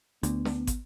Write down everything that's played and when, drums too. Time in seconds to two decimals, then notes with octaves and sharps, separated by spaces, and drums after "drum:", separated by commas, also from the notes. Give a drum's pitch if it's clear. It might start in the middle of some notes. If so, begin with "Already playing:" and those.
0.23 D2 B3, drum: hi-hat
0.45 drum: snare
0.67 drum: kick, hi-hat